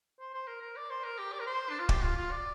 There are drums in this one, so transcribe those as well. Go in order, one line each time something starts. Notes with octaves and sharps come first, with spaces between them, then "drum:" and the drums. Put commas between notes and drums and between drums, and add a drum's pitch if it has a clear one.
C5
C5
A#4
A#4
D5
C5
A#4
G4
D5
A#4
C5
D4
F4
G4, drum: kick
F4
F4
D5